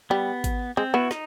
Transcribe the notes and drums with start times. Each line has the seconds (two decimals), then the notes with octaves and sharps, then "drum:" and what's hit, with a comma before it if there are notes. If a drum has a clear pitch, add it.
0.10 G3 B3
0.44 drum: kick G#1, hi-hat
0.77 G#3 C4
0.94 B3 E4 F#4
1.11 D#4, drum: snare